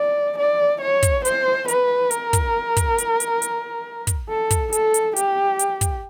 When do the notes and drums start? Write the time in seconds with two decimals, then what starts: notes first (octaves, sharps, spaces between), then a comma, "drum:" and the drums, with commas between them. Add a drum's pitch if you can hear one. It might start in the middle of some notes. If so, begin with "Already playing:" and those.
Already playing: D5
0.38 D5
0.81 C#5
1.03 drum: kick, hi-hat
1.25 C5, drum: hi-hat
1.68 B4, drum: hi-hat
2.11 A#4, drum: hi-hat
2.33 drum: kick, hi-hat
2.77 drum: kick, hi-hat
2.98 drum: hi-hat
3.20 drum: hi-hat
3.42 drum: hi-hat
4.07 drum: kick, hi-hat
4.29 A4
4.51 drum: kick, hi-hat
4.73 A4, drum: hi-hat
4.94 drum: hi-hat
5.16 G4, drum: hi-hat
5.59 drum: hi-hat
5.81 drum: kick, hi-hat